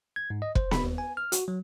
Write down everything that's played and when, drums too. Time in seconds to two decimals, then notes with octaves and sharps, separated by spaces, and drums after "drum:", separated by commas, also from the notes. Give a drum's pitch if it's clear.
0.16 G#6
0.30 G#2
0.42 D#5
0.55 C5, drum: kick
0.71 B5, drum: snare B3
0.84 D#2
0.98 G#5
1.17 F6
1.32 F#4, drum: hi-hat
1.48 F#3